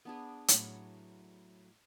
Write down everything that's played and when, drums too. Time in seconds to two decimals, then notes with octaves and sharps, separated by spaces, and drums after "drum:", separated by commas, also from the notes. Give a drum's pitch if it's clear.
0.05 B3 D4 G#4
0.48 A2 F#3, drum: hi-hat